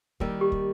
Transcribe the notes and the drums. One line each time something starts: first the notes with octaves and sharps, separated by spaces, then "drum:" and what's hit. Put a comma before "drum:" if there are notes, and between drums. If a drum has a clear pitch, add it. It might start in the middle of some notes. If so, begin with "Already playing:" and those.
D#3 G3 A#3 A#4, drum: kick
G4
drum: kick